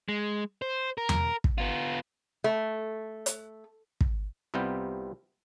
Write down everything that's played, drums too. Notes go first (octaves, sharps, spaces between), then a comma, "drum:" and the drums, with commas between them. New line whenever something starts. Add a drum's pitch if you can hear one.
G#3
C5
A#4
drum: tom E2
drum: kick
B3 F4
A3
drum: hi-hat
drum: kick
C2 C3 G3 B3 F4 G5